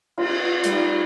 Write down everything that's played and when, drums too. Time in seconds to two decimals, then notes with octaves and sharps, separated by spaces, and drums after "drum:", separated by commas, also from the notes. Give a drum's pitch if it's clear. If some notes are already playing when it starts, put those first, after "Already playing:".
0.18 F4, drum: cymbal
0.64 G3 D#4, drum: hi-hat